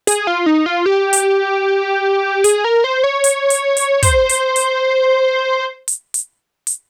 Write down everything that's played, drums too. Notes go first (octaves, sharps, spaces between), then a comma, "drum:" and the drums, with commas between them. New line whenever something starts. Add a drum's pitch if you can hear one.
G#4, drum: hi-hat
F4
D#4
F4
G4
drum: hi-hat
G#4, drum: hi-hat
A#4
C5
C#5
drum: hi-hat
drum: hi-hat
drum: hi-hat
C5, drum: kick, hi-hat
drum: hi-hat
drum: hi-hat
drum: hi-hat
drum: hi-hat
drum: hi-hat